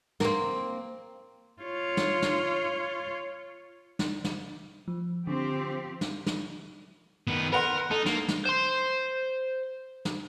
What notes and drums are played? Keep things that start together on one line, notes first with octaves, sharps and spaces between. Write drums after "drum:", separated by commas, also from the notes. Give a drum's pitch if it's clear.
A#3 C4, drum: snare
F4 C#5
drum: snare
drum: snare
drum: snare
drum: snare
F3
D3 F3 C4 G4
drum: snare
drum: snare
D#3 B3
A#4 B4 F#5 C6
D#4 A4
A#3, drum: snare
drum: snare
C5 C6
drum: snare